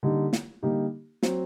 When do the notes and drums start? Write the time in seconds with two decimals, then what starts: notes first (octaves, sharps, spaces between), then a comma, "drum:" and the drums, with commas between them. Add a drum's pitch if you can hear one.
0.03 D3 G3 A#3 D#4 G4
0.33 drum: snare
0.63 D3 G3 A#3 D#4 G4
1.23 F#3 C4, drum: snare